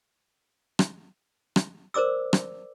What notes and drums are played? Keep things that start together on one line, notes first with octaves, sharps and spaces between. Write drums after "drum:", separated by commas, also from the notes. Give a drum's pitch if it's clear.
drum: rim click
drum: rim click
A#4 C5 D5 D6 E6
drum: rim click